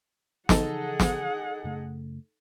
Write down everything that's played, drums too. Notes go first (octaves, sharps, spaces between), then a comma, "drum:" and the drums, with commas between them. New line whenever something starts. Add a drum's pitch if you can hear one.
C#3 E3 F3 D#4 G#4 A4 F#5, drum: snare
drum: snare
F#2 C#3 A3